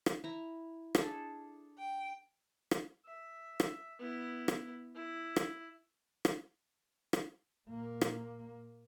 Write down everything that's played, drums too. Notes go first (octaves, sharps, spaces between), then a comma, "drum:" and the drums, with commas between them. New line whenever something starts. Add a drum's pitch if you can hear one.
drum: rim click
E4 A#5
D4 G#4 A4, drum: rim click
G5
drum: rim click
E5
drum: rim click
B3 E4
drum: rim click
E4
drum: rim click
drum: rim click
drum: rim click
A#2 A#3
drum: rim click